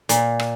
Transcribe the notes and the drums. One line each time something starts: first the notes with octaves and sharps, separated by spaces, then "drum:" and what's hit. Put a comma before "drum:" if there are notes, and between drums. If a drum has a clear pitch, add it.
A#2, drum: hi-hat
drum: rim click